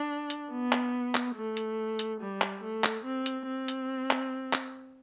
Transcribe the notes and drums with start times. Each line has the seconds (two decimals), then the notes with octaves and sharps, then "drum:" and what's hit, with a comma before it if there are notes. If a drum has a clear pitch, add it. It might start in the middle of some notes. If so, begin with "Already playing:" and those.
Already playing: D4
0.30 drum: hi-hat
0.51 B3
0.72 drum: clap
1.15 drum: clap
1.35 A3
1.57 drum: hi-hat
1.99 drum: hi-hat
2.21 G3
2.41 drum: clap
2.63 A3
2.84 drum: clap
3.05 C4
3.26 drum: hi-hat
3.47 C4
3.68 drum: hi-hat
4.11 drum: clap
4.53 drum: clap